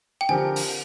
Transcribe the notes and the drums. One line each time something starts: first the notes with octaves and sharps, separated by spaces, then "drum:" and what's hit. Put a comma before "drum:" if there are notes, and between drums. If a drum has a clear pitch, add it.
G5
D3 F3 C4 G4 A#4 G#5
drum: open hi-hat